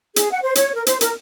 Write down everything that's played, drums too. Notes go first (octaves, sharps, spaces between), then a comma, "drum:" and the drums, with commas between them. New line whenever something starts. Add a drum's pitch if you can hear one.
G#4, drum: hi-hat
F#5
C5
C#5, drum: hi-hat
A#4
C5, drum: hi-hat
A#4, drum: hi-hat